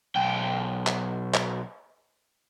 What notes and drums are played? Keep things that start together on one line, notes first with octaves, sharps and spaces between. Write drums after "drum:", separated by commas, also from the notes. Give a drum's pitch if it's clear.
B1 G5
drum: clap
drum: clap